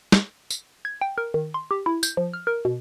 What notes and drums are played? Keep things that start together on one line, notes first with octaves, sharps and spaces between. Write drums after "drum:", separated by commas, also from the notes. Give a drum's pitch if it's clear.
drum: snare
drum: tambourine
G#6
G5
A#4
D#3
C6
G4
E4
G6, drum: tambourine
F3
F6
A#4
B2